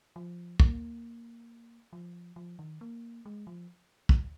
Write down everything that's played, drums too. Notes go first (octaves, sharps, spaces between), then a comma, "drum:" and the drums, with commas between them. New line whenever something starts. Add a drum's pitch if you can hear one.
F3
A#3, drum: kick
F3
F3
D#3
A#3
G#3
F3
drum: kick